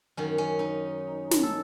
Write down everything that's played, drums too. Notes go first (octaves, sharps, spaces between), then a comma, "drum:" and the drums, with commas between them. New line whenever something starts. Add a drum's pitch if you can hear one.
F#2 D#3 C#4
C#4
D#4
drum: snare
A4